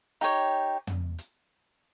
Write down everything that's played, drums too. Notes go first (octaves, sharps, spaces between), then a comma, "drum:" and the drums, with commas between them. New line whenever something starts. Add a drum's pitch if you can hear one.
D#4 G4 C#5 G5
drum: tom
drum: hi-hat